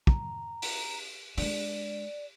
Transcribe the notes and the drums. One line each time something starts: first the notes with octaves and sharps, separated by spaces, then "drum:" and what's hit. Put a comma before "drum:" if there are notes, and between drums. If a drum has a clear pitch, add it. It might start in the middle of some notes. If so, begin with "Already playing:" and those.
A#5, drum: kick
drum: open hi-hat
G#3 D4 D5, drum: open hi-hat